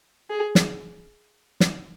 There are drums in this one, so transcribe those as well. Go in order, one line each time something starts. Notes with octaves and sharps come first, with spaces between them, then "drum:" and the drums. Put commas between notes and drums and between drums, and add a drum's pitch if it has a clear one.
G#4
drum: snare
drum: snare